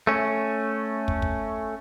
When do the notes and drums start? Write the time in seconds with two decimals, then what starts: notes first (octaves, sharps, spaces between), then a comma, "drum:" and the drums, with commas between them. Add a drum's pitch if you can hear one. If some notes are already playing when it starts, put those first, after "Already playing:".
0.07 A3 C#4
1.08 drum: kick
1.22 drum: kick